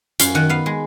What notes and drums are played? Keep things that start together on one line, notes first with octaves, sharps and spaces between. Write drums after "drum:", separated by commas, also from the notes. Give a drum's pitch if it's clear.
F#2 F5, drum: hi-hat
D#3 F#5
B3 F5
G#3